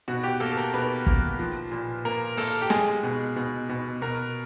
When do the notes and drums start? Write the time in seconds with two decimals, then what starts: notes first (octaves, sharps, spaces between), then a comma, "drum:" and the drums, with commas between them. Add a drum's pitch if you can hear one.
0.08 B2 F#4
0.24 G4
0.40 A#3 A4
0.51 A4
0.57 A#4
0.74 B2 B4
1.07 A#3, drum: kick
1.39 F3
1.72 A#2
2.05 A#3 A#4
2.37 A#3 A4, drum: open hi-hat
2.62 G4
2.70 G#3 G#4, drum: snare
3.03 B2
3.36 B2
3.69 B2
4.02 B2 A#4